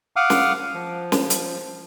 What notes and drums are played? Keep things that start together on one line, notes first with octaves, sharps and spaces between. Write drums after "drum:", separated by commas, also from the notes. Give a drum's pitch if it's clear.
F5 F#5 D6 D#6 F6
drum: snare
F3
drum: snare
drum: hi-hat